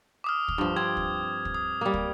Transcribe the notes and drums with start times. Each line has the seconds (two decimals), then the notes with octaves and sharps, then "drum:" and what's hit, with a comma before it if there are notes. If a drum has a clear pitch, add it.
0.24 D6 D#6 F6
0.48 drum: kick
0.58 G2 F3
0.76 C4 G#6
0.97 drum: kick
1.45 drum: kick
1.55 D#6
1.81 G3 A#3
1.94 drum: kick